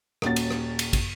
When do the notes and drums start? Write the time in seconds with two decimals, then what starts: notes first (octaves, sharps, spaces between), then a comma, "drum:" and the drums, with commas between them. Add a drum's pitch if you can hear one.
0.22 D#1 D#2 C#4 F#4 A6, drum: rim click
0.36 drum: cymbal
0.51 drum: rim click
0.79 drum: cymbal
0.93 drum: kick, cymbal